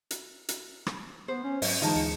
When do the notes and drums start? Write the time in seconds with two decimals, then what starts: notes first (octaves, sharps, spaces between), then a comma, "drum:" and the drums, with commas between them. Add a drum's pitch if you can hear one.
0.11 drum: hi-hat
0.49 drum: hi-hat
0.86 drum: rim click
1.28 B3 C5
1.44 C#4
1.62 G#2 F#3 D#5, drum: open hi-hat
1.81 D3 E3 G#3 D#4 F4 D#5 A5
1.96 D2 G#4 C#7